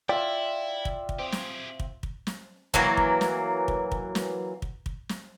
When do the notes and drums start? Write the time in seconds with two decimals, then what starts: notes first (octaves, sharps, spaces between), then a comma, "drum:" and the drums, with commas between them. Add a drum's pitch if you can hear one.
0.09 E4 F4 D5 E5 G5
0.85 drum: kick
1.09 drum: kick
1.19 C4 G4 G#4
1.32 drum: snare
1.79 drum: kick
2.03 drum: kick
2.27 drum: snare
2.74 E3 F#3 A#3, drum: kick
2.97 drum: kick
3.21 drum: snare
3.68 drum: kick
3.92 drum: kick
4.15 drum: snare
4.62 drum: kick
4.86 drum: kick
5.09 drum: snare